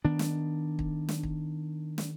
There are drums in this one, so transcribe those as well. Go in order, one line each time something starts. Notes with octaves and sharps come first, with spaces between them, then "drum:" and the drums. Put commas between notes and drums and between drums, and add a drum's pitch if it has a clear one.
D#3 B3 D4
drum: snare
drum: kick
drum: snare
drum: kick
drum: snare